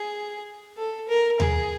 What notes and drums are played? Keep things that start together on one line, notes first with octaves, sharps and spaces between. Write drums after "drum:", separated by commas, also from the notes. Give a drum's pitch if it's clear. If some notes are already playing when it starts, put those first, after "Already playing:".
Already playing: G#4
A4
A#4
G#4, drum: tom D#2